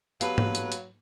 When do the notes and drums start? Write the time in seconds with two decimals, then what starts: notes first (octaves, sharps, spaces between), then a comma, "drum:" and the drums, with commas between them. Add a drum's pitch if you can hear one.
0.21 F#3 B3 G4 A4 B4 F5, drum: hi-hat
0.38 drum: tom G#2
0.55 drum: hi-hat
0.72 drum: hi-hat